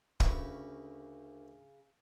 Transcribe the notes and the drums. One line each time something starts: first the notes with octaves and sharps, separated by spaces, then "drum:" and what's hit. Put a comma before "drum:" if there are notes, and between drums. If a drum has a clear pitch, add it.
D2 C#3 D4 A#4 B4 C#6, drum: kick